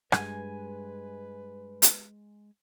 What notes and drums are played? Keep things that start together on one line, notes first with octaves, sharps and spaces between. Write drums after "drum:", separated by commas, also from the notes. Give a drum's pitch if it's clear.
G2 G#3 B4 G#5, drum: rim click
drum: hi-hat